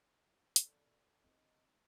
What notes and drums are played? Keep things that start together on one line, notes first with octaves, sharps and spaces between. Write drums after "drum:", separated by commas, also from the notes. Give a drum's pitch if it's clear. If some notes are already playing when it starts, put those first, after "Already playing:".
drum: hi-hat
A4 D5
C4 D#4 D#5